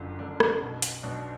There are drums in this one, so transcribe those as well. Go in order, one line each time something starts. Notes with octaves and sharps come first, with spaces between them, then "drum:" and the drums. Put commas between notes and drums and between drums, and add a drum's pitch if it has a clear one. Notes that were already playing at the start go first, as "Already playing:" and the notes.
Already playing: F#1 F#2 D3 F4
F#1 F#2 D3 D4
drum: rim click
B1 B2
drum: hi-hat
B1 B2 D4